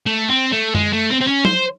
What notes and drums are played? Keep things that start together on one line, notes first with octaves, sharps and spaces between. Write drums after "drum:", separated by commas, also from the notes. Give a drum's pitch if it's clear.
A3
C4
A3
G#3, drum: tom F#2
A3
C4
C4
C#4
C5, drum: tom